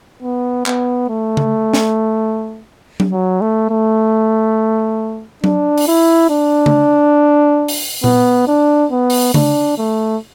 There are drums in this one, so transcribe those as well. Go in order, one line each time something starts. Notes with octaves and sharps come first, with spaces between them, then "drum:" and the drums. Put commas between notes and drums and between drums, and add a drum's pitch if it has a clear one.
B3
B3, drum: clap
A3
drum: tom C#3
drum: snare
drum: tom F#3
F#3
A3
A3
D4, drum: tom F#3
drum: open hi-hat
E4
D4
drum: tom C#3
drum: open hi-hat
B3, drum: tom A#2
D4
B3
drum: open hi-hat
D4, drum: tom C#3
A3